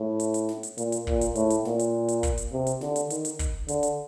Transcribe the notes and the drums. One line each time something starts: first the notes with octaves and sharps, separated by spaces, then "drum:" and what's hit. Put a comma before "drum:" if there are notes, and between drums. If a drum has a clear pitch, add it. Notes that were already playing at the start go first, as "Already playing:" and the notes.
Already playing: A2
drum: hi-hat
drum: hi-hat
drum: snare
drum: hi-hat
A#2, drum: hi-hat
drum: hi-hat
A#2, drum: kick
drum: hi-hat
A2, drum: hi-hat
drum: hi-hat
A#2, drum: snare
drum: hi-hat
drum: hi-hat
drum: kick, hi-hat
drum: hi-hat
C3
drum: hi-hat
D3, drum: snare
drum: hi-hat
D#3, drum: hi-hat
drum: hi-hat
drum: kick, hi-hat
D3, drum: hi-hat
drum: hi-hat